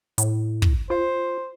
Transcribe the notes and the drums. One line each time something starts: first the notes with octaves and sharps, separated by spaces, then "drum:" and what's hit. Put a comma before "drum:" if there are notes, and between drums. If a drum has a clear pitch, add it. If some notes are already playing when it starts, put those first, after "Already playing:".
A2, drum: hi-hat
drum: kick
F4 C5